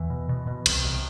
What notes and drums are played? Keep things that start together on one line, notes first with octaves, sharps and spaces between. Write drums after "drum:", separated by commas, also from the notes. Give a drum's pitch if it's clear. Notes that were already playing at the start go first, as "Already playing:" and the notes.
Already playing: E2 E3
B2
B2
B2
C2, drum: cymbal
C2